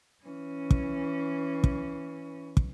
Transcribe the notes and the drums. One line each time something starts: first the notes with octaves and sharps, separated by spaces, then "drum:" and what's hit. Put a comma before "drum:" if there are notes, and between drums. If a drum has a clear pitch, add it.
E3 C#4
drum: kick
drum: kick
drum: kick